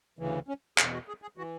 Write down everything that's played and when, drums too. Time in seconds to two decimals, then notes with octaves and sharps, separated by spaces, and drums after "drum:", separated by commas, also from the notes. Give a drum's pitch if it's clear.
0.19 D2 C#3 E3
0.48 C#4
0.78 E2 B2 G#4, drum: clap
0.93 F#4
1.08 G#4
1.22 G#4
1.37 E3 F#4